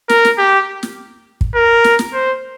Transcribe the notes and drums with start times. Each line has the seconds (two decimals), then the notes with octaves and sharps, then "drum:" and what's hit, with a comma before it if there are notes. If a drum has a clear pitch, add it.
0.09 A#4, drum: snare
0.25 drum: snare
0.39 G4
0.83 drum: snare
1.41 drum: kick
1.55 A#4
1.84 drum: snare
1.99 drum: snare
2.14 C5